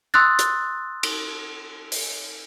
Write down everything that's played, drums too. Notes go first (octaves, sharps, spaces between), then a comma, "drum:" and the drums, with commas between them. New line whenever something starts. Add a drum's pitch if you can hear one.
C6 D#6 E6 F#6 A6
drum: hi-hat
drum: cymbal
drum: open hi-hat